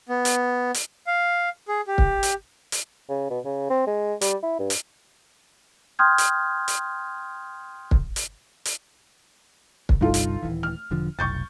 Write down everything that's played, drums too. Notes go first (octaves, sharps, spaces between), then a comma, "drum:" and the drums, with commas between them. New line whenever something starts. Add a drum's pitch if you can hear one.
B3
drum: hi-hat
drum: hi-hat
F5
G#4
G4
drum: kick
drum: hi-hat
drum: hi-hat
C#3
B2
C#3
C4
G#3
G3, drum: hi-hat
E4
G2
drum: hi-hat
G5 C6 D#6 F6 G6 G#6
drum: hi-hat
drum: hi-hat
drum: kick
drum: hi-hat
drum: hi-hat
drum: kick
G1 C2 G2 D#4 F4 A4
drum: hi-hat
D#1 C2 E3
F6
E1 D3 F3
F1 B1 C#6 G6 A6